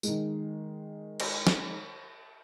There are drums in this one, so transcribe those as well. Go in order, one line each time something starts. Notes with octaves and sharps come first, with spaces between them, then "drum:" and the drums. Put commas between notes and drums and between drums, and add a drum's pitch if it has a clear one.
D#3 G#3, drum: tambourine
drum: cymbal
drum: snare